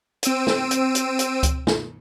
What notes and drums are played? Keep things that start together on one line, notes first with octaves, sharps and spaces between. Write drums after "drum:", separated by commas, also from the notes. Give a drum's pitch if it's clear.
C4 E6 D7 D#7, drum: hi-hat
drum: snare
drum: hi-hat
drum: hi-hat
drum: hi-hat
drum: kick C#2, hi-hat
drum: snare